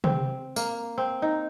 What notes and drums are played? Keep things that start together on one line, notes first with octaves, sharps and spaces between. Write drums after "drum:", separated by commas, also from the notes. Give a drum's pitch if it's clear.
C4, drum: tom C3
A#3, drum: tambourine
C4
D#4